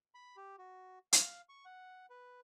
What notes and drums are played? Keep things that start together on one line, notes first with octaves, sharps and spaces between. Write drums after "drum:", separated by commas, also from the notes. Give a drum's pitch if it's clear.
B5
G4
F#4
F5, drum: hi-hat
C#6
F#5
B4